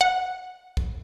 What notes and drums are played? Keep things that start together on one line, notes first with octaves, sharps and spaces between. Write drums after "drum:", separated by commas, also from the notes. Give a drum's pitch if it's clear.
F#5
drum: kick B1